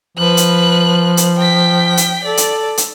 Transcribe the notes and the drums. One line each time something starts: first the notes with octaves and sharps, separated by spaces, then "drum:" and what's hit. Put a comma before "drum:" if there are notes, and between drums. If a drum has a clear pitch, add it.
F3 B4 F#6
drum: hi-hat
drum: hi-hat
G5 B6
drum: hi-hat
A4 D5
drum: hi-hat
drum: hi-hat